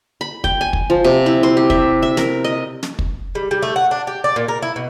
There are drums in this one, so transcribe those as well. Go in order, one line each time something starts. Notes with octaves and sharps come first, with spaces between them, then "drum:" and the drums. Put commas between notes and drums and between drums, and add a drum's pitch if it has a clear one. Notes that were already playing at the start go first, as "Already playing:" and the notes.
B5
G5, drum: kick
G#5
drum: kick
F3
C3
E4
C5
G4
E5, drum: kick
E5
A#4, drum: snare
D#5
drum: snare
drum: kick
G3
G3
A3
F#5
D4
G4
D5
A#2
A#4
E4
B2